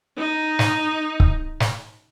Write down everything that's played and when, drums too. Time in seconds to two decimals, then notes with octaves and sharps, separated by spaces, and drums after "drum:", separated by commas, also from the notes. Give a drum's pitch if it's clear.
0.18 D#4
0.59 drum: snare
1.20 drum: kick C#1
1.60 drum: snare